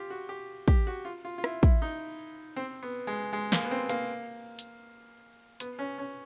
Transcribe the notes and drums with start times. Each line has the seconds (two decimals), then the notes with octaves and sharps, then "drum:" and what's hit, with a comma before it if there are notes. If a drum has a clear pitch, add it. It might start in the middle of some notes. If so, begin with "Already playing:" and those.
Already playing: F4 G4
0.10 F#4
0.29 G4
0.68 G4, drum: kick
0.87 F#4
1.05 F4
1.25 F4
1.38 F4
1.44 E4, drum: rim click
1.63 E4, drum: kick
1.82 D#4
2.56 C4
2.83 B3
3.07 G#3
3.33 G#3
3.52 A#3, drum: snare
3.65 B3
3.71 C4
3.89 A#3, drum: hi-hat
4.59 drum: hi-hat
5.60 B3, drum: hi-hat
5.79 C#4
5.98 C#4